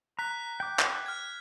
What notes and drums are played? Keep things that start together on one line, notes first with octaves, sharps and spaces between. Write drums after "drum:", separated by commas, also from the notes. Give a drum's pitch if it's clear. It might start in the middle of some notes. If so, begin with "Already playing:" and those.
A#5 F#6 B6
G5 D6
drum: clap
F6 G#6